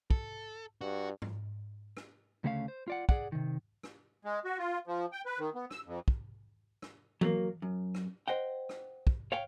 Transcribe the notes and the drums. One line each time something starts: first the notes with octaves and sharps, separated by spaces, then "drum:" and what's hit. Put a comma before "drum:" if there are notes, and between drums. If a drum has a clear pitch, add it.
A4, drum: kick
G2 F#4
drum: tom G#2
drum: rim click
D2 C#3 A3 C#4 C5 F5
C5
F4 D5 F#5
G#4 D5 F#5, drum: kick
C3 D#3
drum: rim click
G#3
F#4
F4
F3
G5
B4
D#3
B3
E6, drum: rim click
F2
drum: kick
drum: rim click
F#3 A3 A#3, drum: tom E3
F#2
drum: rim click
C5 D#5 F#5 G5
drum: rim click
drum: kick
C#5 F5 G5